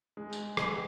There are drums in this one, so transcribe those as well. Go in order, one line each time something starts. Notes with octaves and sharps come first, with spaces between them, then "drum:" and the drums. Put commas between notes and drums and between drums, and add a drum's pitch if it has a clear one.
G#3
drum: tambourine
G#3, drum: rim click